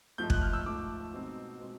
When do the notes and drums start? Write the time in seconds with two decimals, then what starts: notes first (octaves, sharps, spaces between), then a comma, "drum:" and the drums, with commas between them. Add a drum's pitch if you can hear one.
0.18 G#2 F3 A3 G6
0.30 F#6, drum: kick
0.42 F6
0.53 E6
0.65 G#2 F3 A3 D6
1.13 B2 G#3 C4 D#4
1.60 B2 G#3 C4